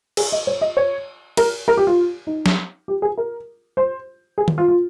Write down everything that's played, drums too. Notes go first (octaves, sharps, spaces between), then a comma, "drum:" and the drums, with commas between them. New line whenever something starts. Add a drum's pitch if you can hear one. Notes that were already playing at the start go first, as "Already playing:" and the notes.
G#4, drum: cymbal
D#5
C#5
D#5
C#5
A#4, drum: cymbal
A#4
G4
F4
D#4
drum: snare
G4
G#4
A#4
C5
G#4
drum: tom D#3
F4
F4